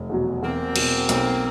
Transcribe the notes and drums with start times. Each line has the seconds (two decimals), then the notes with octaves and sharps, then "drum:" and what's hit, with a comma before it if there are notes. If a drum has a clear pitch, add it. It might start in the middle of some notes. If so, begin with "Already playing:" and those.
Already playing: F1
0.09 E2 B2 F#3
0.42 E2 A#3 C4
0.76 B2 F#3, drum: cymbal
1.09 B1, drum: hi-hat